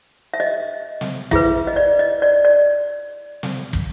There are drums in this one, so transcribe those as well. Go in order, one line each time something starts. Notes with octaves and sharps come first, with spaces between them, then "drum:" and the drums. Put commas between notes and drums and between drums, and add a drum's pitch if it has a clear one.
E5
D#5
drum: snare
E4 G#4 B4 E5, drum: kick
D#5
D5
D#5
D5
D5
drum: snare
drum: kick